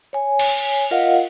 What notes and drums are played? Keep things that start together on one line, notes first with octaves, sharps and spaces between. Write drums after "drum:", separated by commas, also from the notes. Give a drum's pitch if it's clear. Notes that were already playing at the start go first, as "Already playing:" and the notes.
C#5 G#5
drum: cymbal
F4 A#4 D#5 F5 F#5